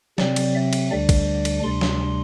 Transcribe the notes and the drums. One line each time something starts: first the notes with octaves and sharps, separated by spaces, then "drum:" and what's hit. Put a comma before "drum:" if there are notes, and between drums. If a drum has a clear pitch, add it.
C3 F#3 C4 D5, drum: snare
drum: cymbal
E5
drum: cymbal
D2 D3 G3 D4 D5
drum: kick A#1, cymbal
drum: cymbal
D2 C3 G3 D4 C6
drum: snare